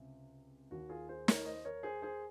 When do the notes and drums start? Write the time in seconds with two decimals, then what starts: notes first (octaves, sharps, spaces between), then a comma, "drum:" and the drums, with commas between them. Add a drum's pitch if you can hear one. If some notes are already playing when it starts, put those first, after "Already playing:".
Already playing: C#2 C3
0.71 D#2 D#3 F#4
0.89 F4 G#4
1.09 G#4 C5
1.28 A#4 C#5, drum: snare
1.46 C5 D#5
1.65 A#4 C#5
1.83 G#4 C5
2.02 G#4 C5